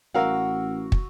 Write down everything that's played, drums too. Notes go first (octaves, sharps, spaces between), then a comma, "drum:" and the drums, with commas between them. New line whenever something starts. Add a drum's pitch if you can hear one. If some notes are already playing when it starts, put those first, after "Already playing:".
A1 F#4 A#4 F5 F#5 E6
drum: kick